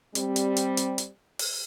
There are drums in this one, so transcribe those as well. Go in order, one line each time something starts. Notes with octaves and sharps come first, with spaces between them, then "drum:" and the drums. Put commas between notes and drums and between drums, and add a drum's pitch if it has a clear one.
G3 C4, drum: hi-hat
drum: hi-hat
drum: hi-hat
drum: hi-hat
drum: hi-hat
drum: open hi-hat